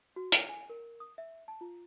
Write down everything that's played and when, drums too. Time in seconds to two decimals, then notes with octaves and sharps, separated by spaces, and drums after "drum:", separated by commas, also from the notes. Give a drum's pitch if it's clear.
0.16 F#4
0.32 F6, drum: hi-hat
0.49 G#5
0.70 A#4
1.00 D#6
1.18 E5
1.48 A5
1.61 F4